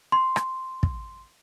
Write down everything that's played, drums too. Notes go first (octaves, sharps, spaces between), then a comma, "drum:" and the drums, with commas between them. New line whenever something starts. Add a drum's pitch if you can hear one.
C6
drum: rim click
drum: kick